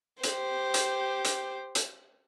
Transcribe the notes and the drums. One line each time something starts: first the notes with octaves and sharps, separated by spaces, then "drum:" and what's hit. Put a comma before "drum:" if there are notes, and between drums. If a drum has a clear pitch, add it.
G4 C5, drum: hi-hat
drum: hi-hat
drum: hi-hat
drum: hi-hat